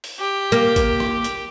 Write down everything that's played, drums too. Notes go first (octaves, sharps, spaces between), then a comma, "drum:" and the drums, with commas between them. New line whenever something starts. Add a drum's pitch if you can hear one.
drum: open hi-hat
G4
A#3, drum: hi-hat
drum: kick A1, hi-hat
drum: rim click
drum: hi-hat